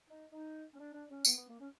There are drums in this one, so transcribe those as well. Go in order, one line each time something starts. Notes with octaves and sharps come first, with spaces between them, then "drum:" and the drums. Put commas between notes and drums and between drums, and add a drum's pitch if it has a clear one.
D#4
D#4
C#4
D4
D4
C#4
B3, drum: tambourine
B3
A#3
C#4